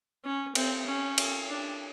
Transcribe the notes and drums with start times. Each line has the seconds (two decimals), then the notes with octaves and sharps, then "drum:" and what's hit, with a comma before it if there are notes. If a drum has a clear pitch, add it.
0.25 C#4
0.55 C4, drum: cymbal
0.86 C#4
1.18 drum: cymbal
1.49 D4